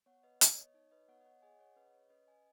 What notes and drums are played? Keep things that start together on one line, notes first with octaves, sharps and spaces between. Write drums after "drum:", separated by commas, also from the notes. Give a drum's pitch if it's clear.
B3 C#5 F#5
B4 D#5
B3 C#5, drum: hi-hat
D#5
C#5
D#4 C#5
B4 D#5
B3 C#5 F#5
D#5
C#5 F#5
G#4 D#5 G#5
C#5 F#5
C#4 B4 D#5
C#5
C#4 B4 D#5
D#5 G#5